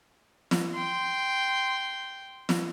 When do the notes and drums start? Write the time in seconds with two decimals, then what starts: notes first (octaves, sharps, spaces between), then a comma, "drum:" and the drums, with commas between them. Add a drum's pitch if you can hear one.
0.51 drum: snare
0.74 G5 C6
2.49 drum: snare